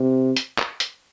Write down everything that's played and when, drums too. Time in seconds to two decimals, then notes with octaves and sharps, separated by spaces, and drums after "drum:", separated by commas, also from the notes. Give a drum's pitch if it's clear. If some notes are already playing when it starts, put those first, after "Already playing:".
Already playing: C3
0.36 drum: hi-hat
0.58 drum: clap
0.80 drum: hi-hat